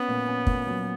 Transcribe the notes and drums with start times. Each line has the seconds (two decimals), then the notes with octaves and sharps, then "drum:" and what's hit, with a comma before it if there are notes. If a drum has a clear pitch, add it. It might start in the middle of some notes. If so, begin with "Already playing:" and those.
Already playing: B3 C#4
0.08 A#2
0.28 C#4
0.47 A#2, drum: kick
0.67 F#3